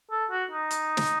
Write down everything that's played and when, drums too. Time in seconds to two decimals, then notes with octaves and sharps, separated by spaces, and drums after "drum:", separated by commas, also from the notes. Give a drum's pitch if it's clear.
0.11 A4
0.31 F#4
0.51 D#4
0.71 drum: hi-hat
0.97 drum: snare